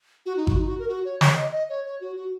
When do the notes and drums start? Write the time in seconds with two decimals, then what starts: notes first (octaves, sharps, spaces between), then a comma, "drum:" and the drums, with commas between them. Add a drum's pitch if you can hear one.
0.26 F#4
0.37 D#4
0.47 F#4, drum: kick G#1
0.57 D#4
0.68 F#4
0.79 A#4
0.89 F#4
1.05 C#5
1.21 C#5, drum: snare
1.36 D#5
1.52 D#5
1.69 C#5
1.85 C#5
2.01 F#4
2.16 F#4